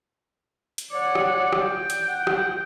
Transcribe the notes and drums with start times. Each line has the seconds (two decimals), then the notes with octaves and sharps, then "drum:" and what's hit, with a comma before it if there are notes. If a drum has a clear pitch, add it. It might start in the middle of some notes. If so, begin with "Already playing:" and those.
0.78 drum: hi-hat
0.92 C#5 D5 F#5
1.15 drum: rim click
1.53 drum: rim click
1.63 G5
1.90 drum: hi-hat
2.08 F#5
2.27 drum: rim click